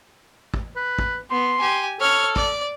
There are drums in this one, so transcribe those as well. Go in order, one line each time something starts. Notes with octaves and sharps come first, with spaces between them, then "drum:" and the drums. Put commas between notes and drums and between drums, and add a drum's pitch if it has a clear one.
drum: kick
B4
drum: kick
B3 C6
G4 G#5
A4 C#5 F6
D5, drum: kick